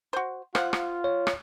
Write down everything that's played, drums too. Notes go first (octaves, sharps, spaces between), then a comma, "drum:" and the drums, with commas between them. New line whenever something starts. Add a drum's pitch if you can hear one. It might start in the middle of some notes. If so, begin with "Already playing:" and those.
F#4 C5
F4 C5 F5 F#5, drum: rim click
drum: rim click
C#5
drum: rim click